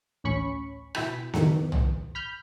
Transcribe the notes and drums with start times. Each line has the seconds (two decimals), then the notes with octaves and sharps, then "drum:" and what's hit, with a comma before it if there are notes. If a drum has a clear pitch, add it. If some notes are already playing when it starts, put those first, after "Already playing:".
0.24 A1 D2 C#4 B5 C#6
0.95 B2 E4 B6, drum: rim click
1.34 F2 A2 D#3, drum: snare B3
1.72 drum: tom
2.15 B5 F6 G6